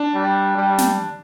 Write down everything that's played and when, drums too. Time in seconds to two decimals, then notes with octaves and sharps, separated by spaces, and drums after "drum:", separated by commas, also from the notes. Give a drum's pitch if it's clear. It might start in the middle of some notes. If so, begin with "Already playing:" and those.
Already playing: D4
0.15 G3
0.57 G3
0.78 drum: snare